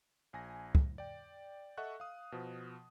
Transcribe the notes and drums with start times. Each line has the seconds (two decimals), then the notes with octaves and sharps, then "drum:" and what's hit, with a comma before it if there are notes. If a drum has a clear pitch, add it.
0.33 A#1 G#5 A#6
0.75 drum: kick
0.98 D5 G5
1.78 A4 D#5 E5 F#5 C#6 F#6
2.00 F5 D#6
2.32 B2 F3